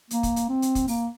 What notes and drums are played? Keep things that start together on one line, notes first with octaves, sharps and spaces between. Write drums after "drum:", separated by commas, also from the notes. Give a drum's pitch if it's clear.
A#3, drum: hi-hat
drum: kick, hi-hat
drum: hi-hat
C4
drum: hi-hat
drum: kick, hi-hat
A#3, drum: open hi-hat